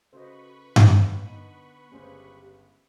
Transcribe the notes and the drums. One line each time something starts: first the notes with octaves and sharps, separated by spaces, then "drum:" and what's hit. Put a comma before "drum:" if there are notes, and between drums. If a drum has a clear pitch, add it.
C#3 F#4 A4 B4 C5 D#5 B5 C#6
drum: tom G2
C#5
D3 B3 D#4 D#7
G1 C#2 C#4 G4 G#4 C5 C#5